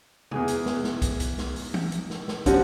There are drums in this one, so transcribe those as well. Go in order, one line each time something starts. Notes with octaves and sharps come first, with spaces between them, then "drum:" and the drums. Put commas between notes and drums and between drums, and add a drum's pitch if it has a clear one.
E2 G#4 G#5, drum: tom
drum: hi-hat
drum: snare
drum: snare
drum: kick, hi-hat
drum: hi-hat
drum: snare
drum: open hi-hat
drum: tom
drum: hi-hat
drum: snare
drum: snare
F#2 C3 F3 G3 C#4 F#4, drum: kick, hi-hat